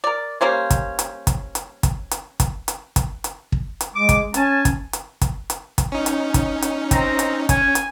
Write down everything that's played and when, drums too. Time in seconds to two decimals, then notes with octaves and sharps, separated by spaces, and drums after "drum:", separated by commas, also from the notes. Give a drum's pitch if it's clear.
0.04 A#4 D5
0.41 G3 A#3 C#4 C5
0.70 drum: kick, hi-hat
0.99 drum: hi-hat
1.27 drum: kick, hi-hat
1.55 drum: hi-hat
1.83 drum: kick, hi-hat
2.11 drum: hi-hat
2.40 drum: kick, hi-hat
2.68 drum: hi-hat
2.96 drum: kick, hi-hat
3.24 drum: hi-hat
3.52 drum: kick
3.81 drum: hi-hat
3.95 G#3 D6
4.09 drum: kick, hi-hat
4.34 C#4 G#5 A5, drum: hi-hat
4.65 drum: kick, hi-hat
4.93 drum: hi-hat
5.21 drum: kick, hi-hat
5.50 drum: hi-hat
5.78 drum: kick, hi-hat
5.92 C#4 D#4
6.06 drum: hi-hat
6.34 drum: kick, hi-hat
6.62 drum: hi-hat
6.91 C4 A#5, drum: kick, hi-hat
7.19 drum: hi-hat
7.49 C#4 G#5, drum: kick, hi-hat
7.75 drum: hi-hat